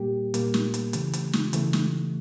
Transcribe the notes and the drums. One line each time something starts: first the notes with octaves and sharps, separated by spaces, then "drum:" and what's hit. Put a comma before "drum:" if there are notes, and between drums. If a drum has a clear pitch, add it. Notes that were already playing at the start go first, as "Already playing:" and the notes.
Already playing: A#2 G3 A#3 G4
A#2 G3 A#3, drum: hi-hat
drum: snare
drum: hi-hat
C#3 E3 A3, drum: hi-hat
drum: hi-hat
drum: snare
C#3 E3 A3, drum: hi-hat
drum: snare